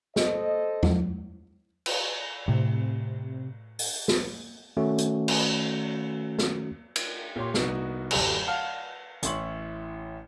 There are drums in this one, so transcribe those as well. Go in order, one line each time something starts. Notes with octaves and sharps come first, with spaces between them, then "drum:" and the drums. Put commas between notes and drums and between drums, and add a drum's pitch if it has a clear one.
A4 C5 D#5, drum: snare
drum: tom E2
drum: cymbal
A2 C3
drum: open hi-hat
drum: snare
D#3 A3 C#4 F#4
drum: hi-hat
drum: cymbal
drum: snare
drum: cymbal
A#2 G4 C#5 C6
C2 B3 D#4 F#4, drum: snare
D1 F#2 G4 A4, drum: cymbal
F5 F#5 A5 F6
A1 C#4 E4 C6 C#6 F#7, drum: hi-hat